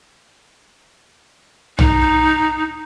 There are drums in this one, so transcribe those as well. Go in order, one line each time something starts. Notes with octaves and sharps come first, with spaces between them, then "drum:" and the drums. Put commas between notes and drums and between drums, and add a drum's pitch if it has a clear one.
D#4, drum: tom